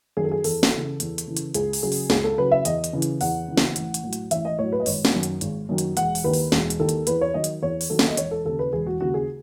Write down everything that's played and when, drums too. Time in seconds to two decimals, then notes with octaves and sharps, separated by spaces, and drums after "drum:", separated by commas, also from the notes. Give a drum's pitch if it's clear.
0.17 F#2 D#3 G#4
0.24 A4
0.31 G#4
0.44 E2 A4, drum: open hi-hat
0.63 drum: snare
0.73 C#3 E3
1.00 E2, drum: hi-hat
1.18 drum: hi-hat
1.27 C#3 E3
1.37 drum: hi-hat
1.54 C#2 G#4, drum: hi-hat
1.73 drum: open hi-hat
1.83 C#3 F#3 G#4
1.92 drum: open hi-hat
2.10 C#2 G#4, drum: snare
2.24 A4
2.38 C#3 F#3 B4
2.52 E5
2.65 E2 D#5, drum: hi-hat
2.84 drum: hi-hat
2.93 C#3 E3
3.02 drum: hi-hat
3.21 E2 F#5, drum: open hi-hat
3.48 C#3 E3
3.57 drum: snare
3.76 A1, drum: hi-hat
3.94 drum: hi-hat
4.03 A2 F#3
4.13 drum: hi-hat
4.31 A1 E5, drum: hi-hat
4.45 D#5
4.59 A2 F#3 C#5
4.72 B4
4.80 D#5
4.86 G#1 C#5, drum: open hi-hat
5.05 drum: snare
5.14 F#2 D#3 F#3
5.23 drum: hi-hat
5.41 G#1, drum: hi-hat
5.69 F#2 D#3 F#3
5.78 drum: hi-hat
5.97 E1 F#5, drum: hi-hat
6.15 drum: open hi-hat
6.24 D#2 D#3 B4
6.34 drum: open hi-hat
6.52 E1, drum: snare
6.70 drum: hi-hat
6.80 D#2 D#3 A4
6.89 drum: hi-hat
7.07 E2 B4, drum: hi-hat
7.21 C#5
7.34 D#3 F#3 D#5
7.44 drum: hi-hat
7.62 E2 C#5
7.81 drum: open hi-hat
7.90 D#3 F#3 A4
7.99 drum: snare
8.08 D#5
8.17 E1 C#5, drum: hi-hat
8.31 A4
8.45 D#2 C#3 A4
8.59 B4
8.73 E1 G#4
8.87 F#4
9.01 D#2 C#3 F#4
9.14 G#4